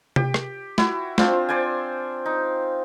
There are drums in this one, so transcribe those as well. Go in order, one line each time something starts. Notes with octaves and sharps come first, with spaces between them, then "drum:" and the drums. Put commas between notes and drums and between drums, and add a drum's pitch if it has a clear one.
G4, drum: tom C3
drum: rim click
E4 F#4, drum: snare
C4 D4 F4 C5, drum: snare
C5 D5 G5 G#5
D#4